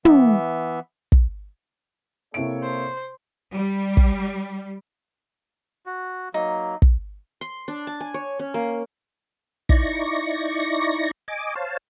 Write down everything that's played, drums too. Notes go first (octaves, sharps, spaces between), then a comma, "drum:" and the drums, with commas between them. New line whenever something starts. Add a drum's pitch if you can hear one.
E3 B3 E5, drum: tom
drum: kick
C3 A#3 E4 A4 C#5 D7
C5
G3
drum: kick
F#4
F#3 A#3 D#4
drum: kick
C6
D4
A5
G#5
C#5
C#4
A#3
D#4 E4 D5 C#6 A#6, drum: kick
D#5 G#5 D6
C5 C#5 F5 A5